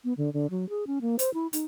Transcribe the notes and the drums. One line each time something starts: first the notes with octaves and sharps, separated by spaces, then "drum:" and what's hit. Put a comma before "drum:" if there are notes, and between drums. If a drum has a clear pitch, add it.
B3
D3
D3
F#3
G#4
C#4
A#3
C5, drum: hi-hat
E4
D#4, drum: hi-hat